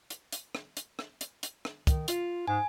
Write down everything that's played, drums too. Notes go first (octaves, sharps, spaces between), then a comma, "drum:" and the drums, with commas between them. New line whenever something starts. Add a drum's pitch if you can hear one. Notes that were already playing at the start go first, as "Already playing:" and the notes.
drum: hi-hat
drum: hi-hat
drum: rim click
drum: hi-hat
drum: rim click
drum: hi-hat
drum: hi-hat
drum: rim click
D#3, drum: kick, hi-hat
F4, drum: hi-hat
G#2 G#5